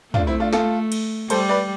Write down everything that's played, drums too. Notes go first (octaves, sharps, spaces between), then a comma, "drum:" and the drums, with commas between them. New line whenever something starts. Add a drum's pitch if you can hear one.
A3 D4 F4, drum: tom
C4 E4
D4 F4
F4 A4, drum: snare
drum: cymbal
G3 A4 C5, drum: cymbal
B4 D5